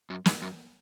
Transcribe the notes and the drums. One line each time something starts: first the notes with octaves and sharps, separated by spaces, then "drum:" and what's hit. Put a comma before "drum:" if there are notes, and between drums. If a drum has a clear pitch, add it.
F#2
G#2, drum: snare
F#2